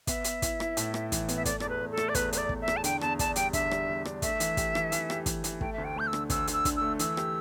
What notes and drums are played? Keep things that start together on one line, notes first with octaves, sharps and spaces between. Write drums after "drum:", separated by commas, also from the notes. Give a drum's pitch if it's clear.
B3 E5, drum: kick, hi-hat
B3, drum: hi-hat
E4, drum: kick, hi-hat
E4, drum: rim click
A2, drum: hi-hat
E4, drum: rim click
E3, drum: kick, hi-hat
B3, drum: hi-hat
E5
A3 D5, drum: kick, hi-hat
E2 D5, drum: rim click
B4
E2
A4
A3, drum: rim click
D5
E2 B4, drum: kick, hi-hat
E2 B4, drum: hi-hat
D5
E2, drum: kick
E5
E2, drum: rim click
A5
D3 G5, drum: hi-hat
E2 A5, drum: rim click
D4 A5, drum: kick, hi-hat
G3 G5, drum: hi-hat
D3 E5, drum: kick, hi-hat
G3, drum: rim click
E2
D4, drum: rim click
A3 E5, drum: kick, hi-hat
E3, drum: hi-hat
G4, drum: kick, hi-hat
E3, drum: rim click
E3, drum: hi-hat
G4, drum: rim click
E3, drum: kick, hi-hat
E3, drum: hi-hat
A3 G5, drum: kick
D2 E5
G5
A3 G6
E6
D3, drum: rim click
D2 E6, drum: kick, hi-hat
D3, drum: hi-hat
E6
D3, drum: kick, hi-hat
A3 E6
E3 E6, drum: hi-hat
G4, drum: rim click